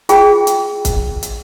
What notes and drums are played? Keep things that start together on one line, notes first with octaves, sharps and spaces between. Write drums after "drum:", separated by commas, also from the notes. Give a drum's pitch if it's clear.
F4 G#4 G5, drum: hi-hat
drum: hi-hat
drum: kick, hi-hat
drum: hi-hat